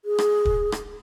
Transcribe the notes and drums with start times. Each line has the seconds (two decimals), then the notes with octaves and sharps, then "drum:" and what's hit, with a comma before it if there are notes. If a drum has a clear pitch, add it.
0.05 G#4
0.18 drum: rim click
0.45 drum: kick
0.72 drum: rim click